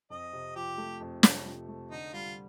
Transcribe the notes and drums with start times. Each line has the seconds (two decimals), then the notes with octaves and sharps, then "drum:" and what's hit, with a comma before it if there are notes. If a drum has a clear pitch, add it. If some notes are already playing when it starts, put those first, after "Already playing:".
0.10 F2 D#5
0.33 C3
0.56 F3 G4
0.78 A3
1.01 F2
1.23 C3, drum: snare
1.46 F3
1.68 A3
1.91 D3 D#4
2.13 G3 F4